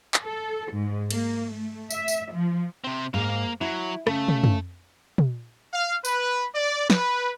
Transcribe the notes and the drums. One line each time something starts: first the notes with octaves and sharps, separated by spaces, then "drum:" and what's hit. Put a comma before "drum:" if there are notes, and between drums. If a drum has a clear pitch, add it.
drum: clap
A4
G#2
A#3, drum: cymbal
A3
E5, drum: tambourine
drum: tambourine
F3
C3 C4
G#2 A#3 F5
F#3 E4
C#3 A3, drum: rim click
drum: tom
drum: tom
drum: tom
F5
B4, drum: tambourine
D5
B4, drum: snare